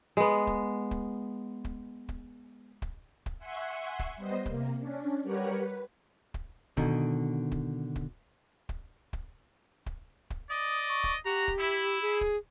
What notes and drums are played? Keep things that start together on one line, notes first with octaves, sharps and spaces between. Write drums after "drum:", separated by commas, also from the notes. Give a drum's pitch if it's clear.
G#3 B3
drum: kick
drum: kick
drum: kick
drum: kick
drum: kick
drum: kick
E5 F#5 G#5 C6 C#6
drum: kick
G3 B3 C5 D#5
C3 A#3, drum: kick
C#4 D4
G3 G4 A#4 B4 C#5 F#5
B4
drum: kick
B2 D3 D#3, drum: kick
drum: kick
drum: kick
drum: kick
drum: kick
drum: kick
drum: kick
D5 D#5 D#6
C#6
drum: kick
F#4 G4 A#5
drum: kick
E4
G#4
drum: kick